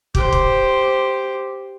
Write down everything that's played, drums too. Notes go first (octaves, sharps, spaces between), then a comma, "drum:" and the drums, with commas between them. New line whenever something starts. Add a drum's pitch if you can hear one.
G4 C5, drum: kick
drum: kick